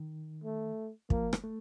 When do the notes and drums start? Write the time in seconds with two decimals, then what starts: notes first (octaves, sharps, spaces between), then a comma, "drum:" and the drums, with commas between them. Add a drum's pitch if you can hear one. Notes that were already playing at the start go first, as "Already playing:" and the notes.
Already playing: D#3
0.44 A3
1.10 F3 A#3, drum: kick
1.33 drum: rim click
1.44 A3